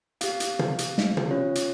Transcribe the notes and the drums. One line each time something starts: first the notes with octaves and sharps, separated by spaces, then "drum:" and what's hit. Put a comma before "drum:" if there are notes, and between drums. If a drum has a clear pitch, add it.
G4 F5, drum: hi-hat
drum: hi-hat
drum: tom
drum: hi-hat
drum: snare
drum: tom
C#4 F4 C#5
drum: hi-hat